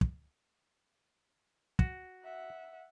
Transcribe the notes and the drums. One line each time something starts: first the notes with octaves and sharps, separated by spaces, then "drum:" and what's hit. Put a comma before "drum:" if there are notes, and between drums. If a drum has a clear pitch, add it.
drum: kick
F#4, drum: kick
E5 F#5